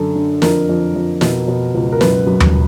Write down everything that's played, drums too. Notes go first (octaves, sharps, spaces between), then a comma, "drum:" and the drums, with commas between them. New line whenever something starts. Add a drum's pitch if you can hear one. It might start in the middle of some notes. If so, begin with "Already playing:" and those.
Already playing: F#2 D3 A4
D3
F2 A#4, drum: snare
F2
F2
B2, drum: snare
B2
C#2
A#4
F#2 B4, drum: snare
F#2
drum: tom D#2